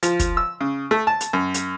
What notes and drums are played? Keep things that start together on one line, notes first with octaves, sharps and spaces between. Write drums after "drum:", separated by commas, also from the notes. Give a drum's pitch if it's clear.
F3, drum: hi-hat
drum: kick, hi-hat
E6
C#3
A3
A5
drum: hi-hat
F#2
drum: hi-hat